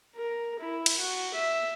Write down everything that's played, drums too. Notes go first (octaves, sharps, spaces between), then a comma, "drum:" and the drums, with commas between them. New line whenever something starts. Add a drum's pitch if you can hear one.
A#4
E4
drum: cymbal
F#4
E5